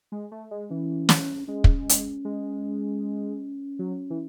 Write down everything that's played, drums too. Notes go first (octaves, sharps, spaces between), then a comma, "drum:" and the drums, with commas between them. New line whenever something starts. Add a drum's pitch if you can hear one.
G#3
A3
G#3
E3 C#4
drum: snare
G#3 C#4
drum: kick
drum: hi-hat
G#3
F#3
E3